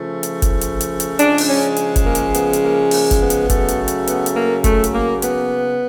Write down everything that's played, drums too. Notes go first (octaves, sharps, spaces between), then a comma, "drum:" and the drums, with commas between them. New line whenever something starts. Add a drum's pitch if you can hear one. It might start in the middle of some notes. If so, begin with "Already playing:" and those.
Already playing: C#3 F3 A3
drum: hi-hat
drum: kick F#1, hi-hat
drum: hi-hat
drum: hi-hat
drum: hi-hat
C#3 F3 G#3 D4, drum: hi-hat
drum: open hi-hat
C#4
drum: hi-hat
drum: kick F#1, hi-hat
A#3
drum: hi-hat
B3, drum: hi-hat
drum: hi-hat
A#3
A#3, drum: open hi-hat
drum: kick F#1, hi-hat
B3
drum: hi-hat
C#3 F#3 A3, drum: kick F#1, hi-hat
drum: hi-hat
drum: hi-hat
B3, drum: hi-hat
drum: hi-hat
A#3
A3, drum: kick F#1, hi-hat
drum: hi-hat
A#3
B3, drum: hi-hat